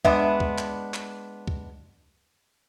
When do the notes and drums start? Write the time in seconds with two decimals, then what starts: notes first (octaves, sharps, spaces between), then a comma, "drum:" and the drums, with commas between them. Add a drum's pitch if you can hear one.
0.05 G#3 B3 D4 E5, drum: kick C#2
0.40 drum: kick C#2
0.58 drum: clap
0.94 drum: clap
1.48 drum: kick C#2